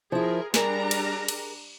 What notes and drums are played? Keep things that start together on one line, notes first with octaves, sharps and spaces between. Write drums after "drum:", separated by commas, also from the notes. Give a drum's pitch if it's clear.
F3 E4 G#4 A#4
G3 D4 G#4 A#4 A#5, drum: snare
drum: cymbal
drum: cymbal